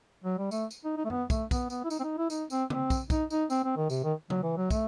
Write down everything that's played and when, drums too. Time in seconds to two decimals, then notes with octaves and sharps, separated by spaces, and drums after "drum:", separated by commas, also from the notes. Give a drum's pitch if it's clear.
0.24 F#3
0.38 G3
0.51 A3, drum: tambourine
0.71 drum: tambourine
0.84 D#4
0.97 D#4
1.05 A3
1.10 B3, drum: tom F#2
1.30 A3, drum: kick, tambourine
1.51 B3, drum: kick, tambourine
1.70 B3, drum: tambourine
1.84 E4
1.90 D#4, drum: tambourine
1.99 C4
2.03 D#4
2.18 E4
2.30 D#4, drum: tambourine
2.50 C4, drum: tambourine
2.70 C4, drum: tom C#3
2.90 drum: kick, tambourine
3.10 D#4, drum: kick, tambourine
3.30 D#4, drum: tambourine
3.50 C4, drum: tambourine
3.64 C4
3.76 D#3
3.90 C3, drum: tambourine
4.04 D#3
4.30 F#3, drum: tom C#3
4.43 E3
4.57 F#3
4.70 A3, drum: kick, tambourine